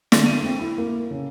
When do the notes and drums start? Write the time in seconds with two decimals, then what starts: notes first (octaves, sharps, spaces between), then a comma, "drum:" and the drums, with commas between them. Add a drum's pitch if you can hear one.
0.12 D3, drum: snare
0.26 D#7
0.42 C4
0.59 E4
0.78 A#3
1.11 C#3